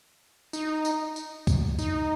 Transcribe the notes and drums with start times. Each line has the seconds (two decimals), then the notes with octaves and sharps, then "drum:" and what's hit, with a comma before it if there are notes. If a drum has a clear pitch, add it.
0.53 D#4, drum: tambourine
0.85 drum: tambourine
1.16 drum: tambourine
1.47 drum: kick C#2, tambourine
1.79 D#4, drum: tambourine